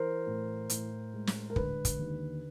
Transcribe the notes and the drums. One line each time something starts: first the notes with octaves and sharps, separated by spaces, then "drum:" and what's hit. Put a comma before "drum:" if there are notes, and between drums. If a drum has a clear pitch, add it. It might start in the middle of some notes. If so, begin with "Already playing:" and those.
Already playing: E3 A#4 C5
A2
A2, drum: hi-hat
G#3
drum: snare
A#4
D3 B4, drum: kick
drum: kick, hi-hat
D#2